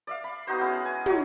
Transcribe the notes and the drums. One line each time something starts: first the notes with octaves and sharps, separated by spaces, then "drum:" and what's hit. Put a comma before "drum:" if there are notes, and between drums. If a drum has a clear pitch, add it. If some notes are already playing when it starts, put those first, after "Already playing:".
D5 E5 F5
B5
B3 D#4 F#4 C5
G#3 B3 C#4 E4
G#5
F#3 G#3 F#4 C#5, drum: tom